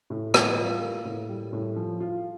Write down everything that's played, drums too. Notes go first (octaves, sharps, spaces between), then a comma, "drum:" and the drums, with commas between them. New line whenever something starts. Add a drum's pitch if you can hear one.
A2
G3, drum: rim click
F4
A#3
A2
G3
A2
F3
F4